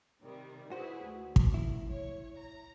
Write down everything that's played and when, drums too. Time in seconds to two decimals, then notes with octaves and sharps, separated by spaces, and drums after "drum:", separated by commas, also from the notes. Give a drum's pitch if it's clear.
0.23 C3 D#3 G3
0.71 E4 F#4 G#4 B4 C5
1.04 D2
1.36 drum: kick
1.54 E4
1.91 C#5
2.39 A#5